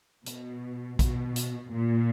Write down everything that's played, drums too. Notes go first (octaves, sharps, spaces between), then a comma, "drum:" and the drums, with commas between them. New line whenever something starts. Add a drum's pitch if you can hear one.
B2, drum: hi-hat
B2, drum: kick A#1, hi-hat
drum: hi-hat
A#2